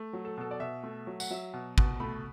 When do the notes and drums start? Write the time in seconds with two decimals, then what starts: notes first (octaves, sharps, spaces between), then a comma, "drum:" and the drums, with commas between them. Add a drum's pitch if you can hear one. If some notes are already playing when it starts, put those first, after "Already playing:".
Already playing: A3
0.13 F#3
0.25 A4
0.37 B2 A4
0.51 D5
0.60 B2 E5
0.83 A3
1.07 F#3
1.20 F#5, drum: tambourine
1.31 F#3 E5
1.53 B2
1.78 B2, drum: kick
2.00 A3 B5